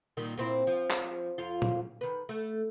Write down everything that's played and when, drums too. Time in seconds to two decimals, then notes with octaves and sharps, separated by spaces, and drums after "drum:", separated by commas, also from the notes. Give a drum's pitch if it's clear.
0.17 A#2 D#3 G3
0.37 A#2 C4 E4
0.67 F3
0.91 drum: clap
1.38 F2 F4
1.62 drum: tom A#2
2.01 D#3 B4
2.29 A3